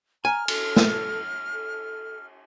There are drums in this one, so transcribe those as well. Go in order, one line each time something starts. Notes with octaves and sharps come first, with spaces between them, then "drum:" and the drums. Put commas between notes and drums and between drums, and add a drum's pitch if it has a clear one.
G#5 A#5 F6
A4, drum: cymbal
drum: snare
A4